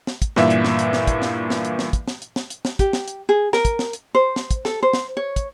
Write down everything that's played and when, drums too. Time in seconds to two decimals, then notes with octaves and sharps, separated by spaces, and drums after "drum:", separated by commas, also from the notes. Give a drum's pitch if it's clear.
0.07 drum: snare
0.22 drum: kick, hi-hat
0.36 G2 A#2 E3 A#3 E5, drum: snare
0.50 drum: hi-hat
0.65 drum: snare
0.79 drum: hi-hat
0.93 drum: snare
1.07 drum: kick, hi-hat
1.22 drum: snare
1.50 drum: snare
1.65 drum: hi-hat
1.79 drum: snare
1.93 drum: kick, hi-hat
2.08 drum: snare
2.22 drum: hi-hat
2.36 drum: snare
2.50 drum: hi-hat
2.65 drum: snare
2.79 G4, drum: kick, hi-hat
2.93 drum: snare
3.08 drum: hi-hat
3.29 G#4
3.53 A#4, drum: snare
3.65 drum: kick, hi-hat
3.79 drum: snare
3.93 drum: hi-hat
4.15 C5
4.36 drum: snare
4.51 drum: kick, hi-hat
4.65 A4, drum: snare
4.83 C5
4.93 drum: snare
5.17 C#5
5.36 drum: kick, hi-hat